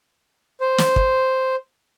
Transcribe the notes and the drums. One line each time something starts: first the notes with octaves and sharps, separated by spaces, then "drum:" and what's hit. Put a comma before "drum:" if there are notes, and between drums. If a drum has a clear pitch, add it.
C5
drum: snare
drum: kick